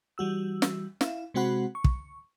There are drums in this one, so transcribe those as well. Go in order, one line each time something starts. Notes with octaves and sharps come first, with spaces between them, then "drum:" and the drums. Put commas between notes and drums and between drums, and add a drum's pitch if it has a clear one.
E3 G3 F#4 E6
drum: snare
E4 F5, drum: snare
C3 G#3 C4 F#4 F#5 B5
C#6
drum: kick